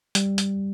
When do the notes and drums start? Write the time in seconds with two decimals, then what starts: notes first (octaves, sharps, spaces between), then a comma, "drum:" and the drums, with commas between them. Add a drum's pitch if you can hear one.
0.15 G3, drum: hi-hat
0.38 drum: hi-hat